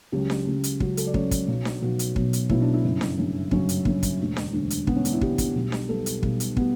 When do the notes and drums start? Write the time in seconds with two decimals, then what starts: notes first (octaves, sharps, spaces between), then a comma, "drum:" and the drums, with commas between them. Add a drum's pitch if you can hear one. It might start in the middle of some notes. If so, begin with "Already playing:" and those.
0.12 C#2 C#3 F#3 G4
0.30 drum: snare D4
0.46 C#2 C#3 F#3
0.64 drum: hi-hat
0.80 C#2 C#3 F#3 F#4, drum: kick
0.97 A4, drum: hi-hat
1.07 D5
1.14 C#2 C#3 F#3 C#5, drum: kick
1.31 drum: kick, hi-hat
1.48 B1 B2 F#3
1.65 drum: snare D4
1.82 B1 B2 F#3 F#4
1.99 drum: hi-hat
2.16 B1 B2 F#3, drum: kick
2.33 drum: hi-hat
2.50 B1 B2 F#3 E4, drum: kick
2.62 D4
2.74 E4
2.84 G1 F#2 C#3 F#3
3.01 drum: snare D4
3.18 G1 F#2 C#3 F#3
3.51 G1 F#2 C#3 F#3 C#4, drum: kick
3.69 drum: hi-hat
3.85 G1 F#2 C#3 F#3, drum: kick
4.03 drum: kick, hi-hat
4.20 E1 D2 D3
4.37 drum: snare D4
4.53 E1 D2 D3
4.70 drum: hi-hat
4.87 E1 D2 D3 B3, drum: kick
4.96 C#4
5.05 D4, drum: hi-hat
5.13 E4
5.21 E1 D2 D3 G4, drum: kick
5.38 drum: kick, hi-hat
5.55 B1 B2 G3
5.72 drum: snare D4
5.89 B1 B2 G3 A4
6.06 drum: hi-hat
6.23 B1 B2 G3, drum: kick
6.40 drum: hi-hat
6.57 B2 G3 B3, drum: kick